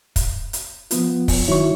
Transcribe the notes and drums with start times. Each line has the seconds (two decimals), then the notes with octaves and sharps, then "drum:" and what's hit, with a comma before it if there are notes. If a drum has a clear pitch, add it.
0.16 drum: kick, hi-hat
0.53 drum: hi-hat
0.91 F3 B3 F4, drum: hi-hat
1.28 drum: kick, open hi-hat
1.48 D#3 F#3 E4 C#5 C#6